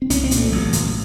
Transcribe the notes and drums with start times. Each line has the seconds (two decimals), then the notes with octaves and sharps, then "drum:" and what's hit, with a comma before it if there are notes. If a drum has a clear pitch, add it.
0.02 C4
0.10 C2 C#4, drum: hi-hat
0.24 C4
0.31 A#2, drum: hi-hat
0.38 A3
0.52 A1 F#3
0.73 A2, drum: hi-hat